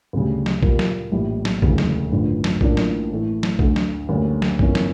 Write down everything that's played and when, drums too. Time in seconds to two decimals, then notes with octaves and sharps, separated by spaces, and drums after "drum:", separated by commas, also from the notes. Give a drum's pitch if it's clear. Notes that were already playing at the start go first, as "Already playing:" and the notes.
0.13 D2 C#3 G3
0.46 drum: snare
0.63 A#2 G3 A#3, drum: kick A#1
0.79 drum: snare
1.12 A#1 A2 E3 G3
1.45 drum: snare
1.62 E1 D2 C#3 E3, drum: kick A#1
1.78 drum: snare
2.12 A1 G2 D3 F3
2.44 drum: snare
2.61 A1 A2 F3 A#3 D4, drum: kick A#1
2.77 drum: snare
3.10 A2 E3 A3
3.43 drum: snare
3.59 D2 D3 A3, drum: kick A#1
3.76 drum: snare
4.09 D2 D3 G3 A#3 C#4
4.42 drum: snare
4.59 G1 F2 E3 A#3 C#4, drum: kick A#1
4.75 drum: snare